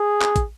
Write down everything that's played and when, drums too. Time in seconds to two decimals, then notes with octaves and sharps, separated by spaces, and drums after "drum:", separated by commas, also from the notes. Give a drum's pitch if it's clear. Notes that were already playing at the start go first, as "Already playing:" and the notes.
Already playing: G#4
0.22 drum: clap
0.36 drum: kick, hi-hat